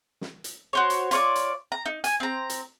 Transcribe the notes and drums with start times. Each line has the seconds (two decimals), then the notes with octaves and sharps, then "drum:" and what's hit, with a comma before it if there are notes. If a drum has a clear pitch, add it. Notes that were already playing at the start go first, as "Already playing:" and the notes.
0.21 drum: snare
0.44 drum: hi-hat
0.73 F#4 C5 C#5
0.90 drum: hi-hat
1.11 F4 C#5 D5, drum: hi-hat
1.35 drum: hi-hat
1.72 A#5
1.86 D#4
2.04 G#5, drum: hi-hat
2.20 C4 A#5
2.50 drum: hi-hat